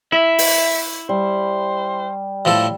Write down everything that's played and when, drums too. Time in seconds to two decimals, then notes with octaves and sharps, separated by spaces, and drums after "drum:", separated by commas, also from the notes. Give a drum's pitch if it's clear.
0.12 E4 E5 B5
0.38 drum: open hi-hat
1.09 G3 C5
2.45 A2 F3 A4